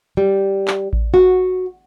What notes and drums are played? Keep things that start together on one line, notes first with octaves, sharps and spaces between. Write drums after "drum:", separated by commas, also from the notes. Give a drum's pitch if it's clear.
G3
drum: clap
drum: kick A1
F#4